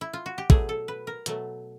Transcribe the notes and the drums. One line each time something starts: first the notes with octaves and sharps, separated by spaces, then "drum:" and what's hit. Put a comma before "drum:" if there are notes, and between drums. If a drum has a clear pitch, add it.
E4
F4
F#4
G4
B2 F#3 A3 G#4, drum: kick
A4
B4
A#4
B2 F#3 A3, drum: hi-hat